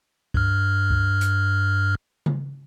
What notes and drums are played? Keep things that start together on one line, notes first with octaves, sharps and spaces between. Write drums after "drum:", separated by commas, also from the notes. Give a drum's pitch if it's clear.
G2 F6, drum: kick C#2
drum: kick C#2
drum: hi-hat
drum: tom C#3